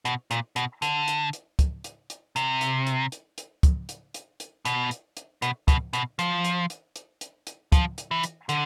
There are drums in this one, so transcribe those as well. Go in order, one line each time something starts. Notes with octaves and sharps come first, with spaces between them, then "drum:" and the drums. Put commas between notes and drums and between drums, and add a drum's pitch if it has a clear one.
B2, drum: hi-hat
A#2, drum: hi-hat
B2, drum: hi-hat
D3, drum: hi-hat
drum: hi-hat
drum: hi-hat
drum: kick, hi-hat
drum: hi-hat
drum: hi-hat
C3, drum: hi-hat
drum: hi-hat
drum: hi-hat
drum: hi-hat
drum: hi-hat
drum: kick, hi-hat
drum: hi-hat
drum: hi-hat
drum: hi-hat
B2, drum: hi-hat
drum: hi-hat
drum: hi-hat
B2, drum: hi-hat
B2, drum: kick, hi-hat
B2, drum: hi-hat
F3, drum: hi-hat
drum: hi-hat
drum: hi-hat
drum: hi-hat
drum: hi-hat
drum: hi-hat
F3, drum: kick, hi-hat
drum: hi-hat
E3
drum: hi-hat
D3, drum: hi-hat